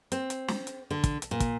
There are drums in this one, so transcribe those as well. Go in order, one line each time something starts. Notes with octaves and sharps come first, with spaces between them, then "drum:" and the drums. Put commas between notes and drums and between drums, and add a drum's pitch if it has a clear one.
C4, drum: hi-hat
drum: hi-hat
drum: snare
drum: hi-hat
D3
drum: kick, hi-hat
drum: hi-hat
A#2
drum: kick, hi-hat